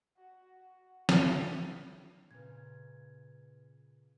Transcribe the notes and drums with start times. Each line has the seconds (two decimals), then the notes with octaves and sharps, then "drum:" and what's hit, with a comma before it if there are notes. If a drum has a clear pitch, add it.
0.17 F#4
0.55 F#4
1.09 E4, drum: snare
2.31 A#2 C#3 B4 G#6